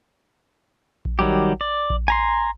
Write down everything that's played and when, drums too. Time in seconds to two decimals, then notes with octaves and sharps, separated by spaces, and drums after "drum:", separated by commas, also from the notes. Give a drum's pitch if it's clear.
1.05 drum: kick A#1
1.19 D#3 F#3 G3 G4
1.61 D5
1.90 drum: kick A#1
2.08 G#5 A#5 C6